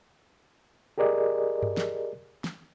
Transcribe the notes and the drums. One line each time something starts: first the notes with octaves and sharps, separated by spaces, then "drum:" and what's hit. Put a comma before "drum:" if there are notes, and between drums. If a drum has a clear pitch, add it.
G4 G#4 A#4 D5 D#5
drum: tom G2
drum: snare
drum: snare